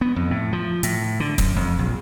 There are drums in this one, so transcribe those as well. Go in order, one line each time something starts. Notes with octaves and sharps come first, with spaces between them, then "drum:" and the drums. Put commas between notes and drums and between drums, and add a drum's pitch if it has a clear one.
B3
F2
A2
F3
A2, drum: hi-hat
D3
F#2, drum: kick, hi-hat
F2
A#1